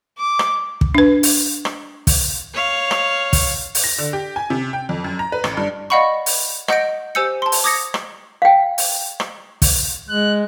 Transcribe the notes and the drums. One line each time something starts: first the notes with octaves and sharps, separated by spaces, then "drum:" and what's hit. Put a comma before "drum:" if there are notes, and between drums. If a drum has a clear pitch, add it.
D6
drum: rim click
drum: kick
D4 B4
drum: open hi-hat
drum: rim click
drum: kick, open hi-hat
C#5 F5
drum: rim click
drum: kick, open hi-hat
drum: open hi-hat
A#6
D3
G4
G#5
C3
G5
F2
F#2
A#5
B4
A1, drum: rim click
G2
D5 D#5 F5 F#5 B5 C#6
drum: open hi-hat
D#5 F#5 G6 A#6 D7, drum: rim click
G4 C5 G#5 E6 G6 C#7
A5 C6
drum: open hi-hat
D6 D#6 G#6 A#6 C#7
drum: rim click
F5 G5
drum: open hi-hat
drum: rim click
drum: kick, open hi-hat
G#3 F#6